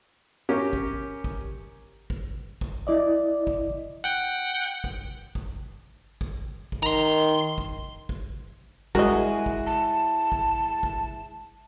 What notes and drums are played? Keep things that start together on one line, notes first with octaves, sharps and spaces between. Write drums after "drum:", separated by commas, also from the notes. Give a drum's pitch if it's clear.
C#4 G4 A#4
drum: kick
drum: kick
drum: kick
drum: kick
E4 D5 D#5
drum: kick
F#5 G5
drum: kick
drum: kick
drum: kick
drum: kick
D#3 A#5 C6
drum: kick
drum: kick
G#3 E4 F#4 A#4 D#5 G#5, drum: kick
drum: kick
A5
drum: kick
drum: kick